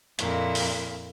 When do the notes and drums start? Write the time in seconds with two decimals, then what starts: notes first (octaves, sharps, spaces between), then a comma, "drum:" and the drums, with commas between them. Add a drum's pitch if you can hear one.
0.19 F2 A#2 A#3 E4, drum: hi-hat
0.55 drum: open hi-hat